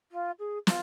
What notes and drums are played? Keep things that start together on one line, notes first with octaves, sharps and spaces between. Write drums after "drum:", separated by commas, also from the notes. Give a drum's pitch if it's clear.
F4
G#4
F4, drum: snare